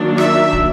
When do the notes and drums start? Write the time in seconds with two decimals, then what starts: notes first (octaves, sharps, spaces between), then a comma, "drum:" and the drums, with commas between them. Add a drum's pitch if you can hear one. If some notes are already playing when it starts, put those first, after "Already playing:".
Already playing: D#3 F#3 A#3 D4
0.18 E5, drum: rim click
0.53 drum: kick